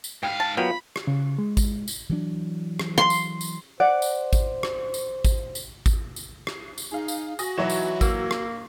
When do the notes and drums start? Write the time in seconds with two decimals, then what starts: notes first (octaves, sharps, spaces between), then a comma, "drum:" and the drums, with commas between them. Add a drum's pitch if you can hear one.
0.04 drum: tambourine
0.23 G#2 G3 F5 G5
0.40 A5
0.57 F#3 A#3 B3 F4 G5 B5 F7
0.96 drum: rim click
1.07 C#3
1.39 G#3
1.57 drum: kick G#1, tambourine
1.88 drum: tambourine
2.09 E3 F#3 D4
2.79 drum: rim click
2.98 C6
3.10 drum: tambourine
3.41 drum: tambourine
3.80 C5 D5 F#5
4.02 drum: tambourine
4.33 drum: kick G#1, tambourine
4.63 drum: rim click
4.94 drum: tambourine
5.25 drum: kick G#1, tambourine
5.55 drum: tambourine
5.86 drum: kick G#1, tambourine
6.16 drum: tambourine
6.47 drum: rim click
6.78 drum: tambourine
6.91 D#4 G#4 F5
7.08 drum: tambourine
7.39 F#4 G#5 D#6 A#6, drum: tambourine
7.58 B1 E3 F#3 E4 C#5 E7
7.70 drum: tambourine
8.01 A#3 E6, drum: kick G#1, tambourine
8.31 drum: rim click